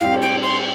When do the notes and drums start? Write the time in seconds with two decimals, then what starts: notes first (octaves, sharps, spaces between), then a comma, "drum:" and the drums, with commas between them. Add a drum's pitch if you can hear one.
0.01 A2 G3 C4 G4 F5
0.12 drum: cymbal
0.22 G5
0.43 C6